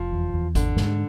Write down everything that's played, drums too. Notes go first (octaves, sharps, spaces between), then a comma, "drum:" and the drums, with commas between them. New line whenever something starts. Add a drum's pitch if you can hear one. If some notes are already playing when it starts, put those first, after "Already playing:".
Already playing: F1 F3
E2
E2
G#1 D3, drum: kick, hi-hat
G#2, drum: snare